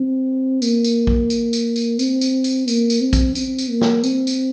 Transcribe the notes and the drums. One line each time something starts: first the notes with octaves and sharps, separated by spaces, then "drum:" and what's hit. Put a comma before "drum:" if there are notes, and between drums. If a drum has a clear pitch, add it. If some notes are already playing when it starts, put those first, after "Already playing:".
Already playing: C4
A#3, drum: tambourine
drum: tambourine
drum: kick A#1
drum: tambourine
drum: tambourine
drum: tambourine
C4, drum: tambourine
drum: tambourine
drum: tambourine
A#3, drum: tambourine
drum: tambourine
C4
drum: kick A#1, tambourine
C4, drum: tambourine
drum: tambourine
A#3
drum: snare
C4, drum: tambourine
drum: tambourine